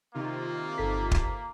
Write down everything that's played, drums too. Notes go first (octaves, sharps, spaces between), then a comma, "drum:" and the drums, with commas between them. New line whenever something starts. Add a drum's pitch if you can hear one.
C3 D#3 A#3 F4
G1 A4 B6
drum: kick